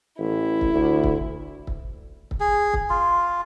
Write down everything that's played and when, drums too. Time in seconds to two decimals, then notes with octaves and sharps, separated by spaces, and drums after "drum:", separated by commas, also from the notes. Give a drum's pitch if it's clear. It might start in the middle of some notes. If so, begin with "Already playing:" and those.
0.19 A1 E4
0.61 drum: kick
0.74 D2
1.04 drum: kick
1.67 drum: kick
2.31 drum: kick
2.40 G#4
2.74 drum: kick
2.90 F4